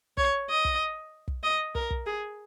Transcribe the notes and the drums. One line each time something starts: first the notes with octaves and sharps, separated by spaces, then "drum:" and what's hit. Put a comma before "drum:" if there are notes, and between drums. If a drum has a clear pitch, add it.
C#5, drum: kick
D#5
drum: kick
drum: kick
D#5
A#4, drum: kick
drum: kick
G#4